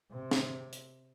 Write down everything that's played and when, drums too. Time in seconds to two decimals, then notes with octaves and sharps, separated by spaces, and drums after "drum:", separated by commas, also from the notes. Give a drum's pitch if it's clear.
0.11 C3
0.31 drum: snare
0.73 drum: hi-hat